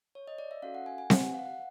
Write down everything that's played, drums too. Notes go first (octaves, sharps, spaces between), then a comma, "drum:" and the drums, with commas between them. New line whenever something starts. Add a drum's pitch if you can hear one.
C#5
D#5
D5
E5
C#4 F#4 A4 F5
F#5
G#5
G#5
F#5, drum: snare C4
F#5
F5
F#5